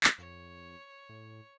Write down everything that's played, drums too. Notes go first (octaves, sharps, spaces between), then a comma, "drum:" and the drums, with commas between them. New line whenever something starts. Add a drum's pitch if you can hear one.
drum: clap
F2 C#5
A2